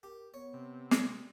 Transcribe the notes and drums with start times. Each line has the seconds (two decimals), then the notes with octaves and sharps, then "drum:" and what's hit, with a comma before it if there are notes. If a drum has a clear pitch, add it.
0.03 G4 A#4
0.34 B3 C#5
0.53 C3
0.91 drum: snare